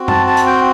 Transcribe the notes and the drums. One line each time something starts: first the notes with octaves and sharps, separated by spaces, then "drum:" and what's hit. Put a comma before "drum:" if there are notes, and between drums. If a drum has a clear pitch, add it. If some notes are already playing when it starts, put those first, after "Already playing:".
Already playing: C4 F#4
A5, drum: tom F#2
A5
drum: hi-hat
G5